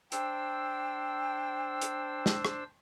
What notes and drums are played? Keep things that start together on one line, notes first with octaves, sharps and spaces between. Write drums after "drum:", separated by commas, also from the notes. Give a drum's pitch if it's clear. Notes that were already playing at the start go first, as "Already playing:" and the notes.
D4 C5 G5 E6, drum: hi-hat
drum: hi-hat
drum: snare
drum: rim click